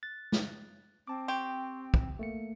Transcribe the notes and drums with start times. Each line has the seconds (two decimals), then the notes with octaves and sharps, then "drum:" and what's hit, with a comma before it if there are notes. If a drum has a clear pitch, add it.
0.03 F#6 A6
0.32 drum: snare
1.07 C4 A5 D6
1.28 G4 C6 C#6
1.94 drum: kick
2.19 A3 A#3 C#7